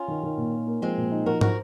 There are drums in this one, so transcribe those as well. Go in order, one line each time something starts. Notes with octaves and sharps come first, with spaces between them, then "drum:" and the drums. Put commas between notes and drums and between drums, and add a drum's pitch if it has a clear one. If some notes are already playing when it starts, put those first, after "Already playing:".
Already playing: C#4 F4
D#3
D#3
A#2
D#4
A#3
F3 G#3 C4
A#2
D#4
F3 F#4 A#4
F#4 A#4 C5, drum: tom